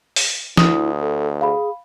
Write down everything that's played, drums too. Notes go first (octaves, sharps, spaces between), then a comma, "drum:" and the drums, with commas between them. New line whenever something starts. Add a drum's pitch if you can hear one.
drum: open hi-hat
D2 E4 D#6, drum: snare
A4
G#4 F5 B5